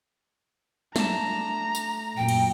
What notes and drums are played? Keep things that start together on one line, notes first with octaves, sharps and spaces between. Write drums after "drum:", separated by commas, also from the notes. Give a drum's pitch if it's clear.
A3 D4 A5 A#5, drum: snare
drum: tambourine
F#2 A#2 G5
drum: cymbal